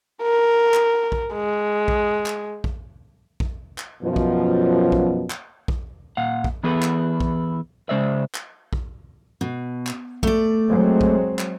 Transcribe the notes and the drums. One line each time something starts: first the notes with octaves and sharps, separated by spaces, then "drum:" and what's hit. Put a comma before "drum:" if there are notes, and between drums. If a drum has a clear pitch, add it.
A#4
drum: clap
drum: kick A#1
G#3
drum: kick A#1
drum: clap
drum: kick A#1
drum: kick A#1
drum: clap
F#2 B2 F3
drum: kick A#1
drum: kick A#1
drum: clap
drum: kick A#1
A#2 F5 F#5
drum: kick A#1
E3 B3 E4 G#4 A4 B4
drum: clap
drum: kick A#1
C#3 G#3 C5 D5 E5
drum: clap
drum: kick A#1
B2
drum: clap
A3 D5, drum: kick A#1
F#3 G#3 C4
drum: kick A#1
drum: clap